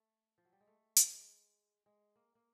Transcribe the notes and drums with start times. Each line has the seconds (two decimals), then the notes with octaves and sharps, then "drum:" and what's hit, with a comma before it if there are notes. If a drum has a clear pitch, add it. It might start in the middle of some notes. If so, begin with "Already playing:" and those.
Already playing: A3
0.38 F3
0.45 F#3
0.52 G3
0.61 G#3
0.67 A3
0.96 G#3, drum: hi-hat
1.86 G#3
2.16 A#3
2.35 A#3